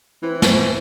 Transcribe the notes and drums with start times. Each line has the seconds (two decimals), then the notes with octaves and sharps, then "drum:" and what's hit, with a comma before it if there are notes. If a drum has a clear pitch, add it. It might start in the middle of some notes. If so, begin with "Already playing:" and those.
0.23 E3 C4
0.42 drum: snare